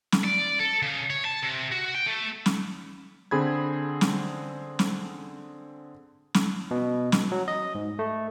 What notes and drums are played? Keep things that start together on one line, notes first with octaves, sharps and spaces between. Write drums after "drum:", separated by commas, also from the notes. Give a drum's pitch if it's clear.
drum: snare
D5
A4
C#3
C#5
A5
C3
F#4
G5
A3
drum: snare
D3 C4 G#4 B5 G#6
drum: snare
drum: snare
drum: snare
B2
drum: snare
F#3
D#5
G#2
A3